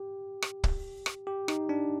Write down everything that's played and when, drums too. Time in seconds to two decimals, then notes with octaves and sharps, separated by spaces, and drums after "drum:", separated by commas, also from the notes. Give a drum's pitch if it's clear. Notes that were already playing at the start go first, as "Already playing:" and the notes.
Already playing: G4
0.42 drum: rim click
0.64 drum: kick
1.06 drum: rim click
1.27 G4
1.48 D#4, drum: rim click
1.69 D4